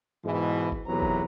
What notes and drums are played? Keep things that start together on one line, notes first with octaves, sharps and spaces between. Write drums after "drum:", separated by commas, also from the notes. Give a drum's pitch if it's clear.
G#2 B2 E3
drum: kick G1
B1 E2 C3 F#3 B4 A#5
drum: kick G1